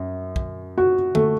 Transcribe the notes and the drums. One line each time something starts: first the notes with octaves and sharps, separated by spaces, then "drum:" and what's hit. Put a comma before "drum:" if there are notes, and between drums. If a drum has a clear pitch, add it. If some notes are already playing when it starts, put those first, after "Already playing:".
Already playing: F#2
drum: kick
F#4
A3, drum: tom D3